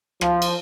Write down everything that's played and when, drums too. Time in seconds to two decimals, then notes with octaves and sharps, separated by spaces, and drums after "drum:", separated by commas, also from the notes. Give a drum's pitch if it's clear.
0.21 F3, drum: rim click
0.42 drum: cymbal